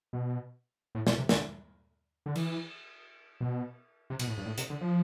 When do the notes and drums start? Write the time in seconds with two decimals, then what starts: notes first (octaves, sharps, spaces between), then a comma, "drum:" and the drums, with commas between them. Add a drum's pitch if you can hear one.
0.13 B2
0.95 A2
1.07 B2, drum: snare
1.18 C3
1.29 D3, drum: snare
2.26 D3
2.35 E3, drum: cymbal
3.41 B2
4.10 C3
4.19 B2, drum: cymbal
4.28 A2
4.38 G2
4.46 A2
4.58 C3, drum: hi-hat
4.70 D3
4.81 F3